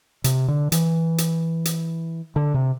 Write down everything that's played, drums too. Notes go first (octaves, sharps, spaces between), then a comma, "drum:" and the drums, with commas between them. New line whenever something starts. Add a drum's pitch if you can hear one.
C3, drum: hi-hat
D3
E3, drum: hi-hat
drum: hi-hat
drum: hi-hat
D3
C3